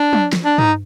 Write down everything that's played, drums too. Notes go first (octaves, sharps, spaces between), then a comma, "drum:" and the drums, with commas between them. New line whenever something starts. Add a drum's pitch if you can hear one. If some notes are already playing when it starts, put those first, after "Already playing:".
Already playing: D4
drum: tom
drum: snare
D4
D#4, drum: tom